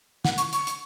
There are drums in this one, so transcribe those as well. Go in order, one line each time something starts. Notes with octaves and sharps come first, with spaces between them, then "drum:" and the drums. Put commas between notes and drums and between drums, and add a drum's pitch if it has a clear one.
F#5, drum: snare
C#6, drum: hi-hat
C#6, drum: hi-hat
drum: hi-hat